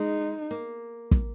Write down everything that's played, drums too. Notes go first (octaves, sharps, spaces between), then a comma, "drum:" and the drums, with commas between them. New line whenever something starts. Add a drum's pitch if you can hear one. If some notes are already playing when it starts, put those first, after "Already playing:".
Already playing: G#3 D#4
A#3
drum: kick